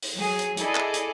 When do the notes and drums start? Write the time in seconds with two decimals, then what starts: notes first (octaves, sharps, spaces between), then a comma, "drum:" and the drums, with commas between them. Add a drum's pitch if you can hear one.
0.02 drum: open hi-hat
0.14 F#3 G#4
0.39 drum: hi-hat
0.57 E4 G#4 A4 D5 D#5, drum: hi-hat
0.75 drum: clap
0.94 drum: hi-hat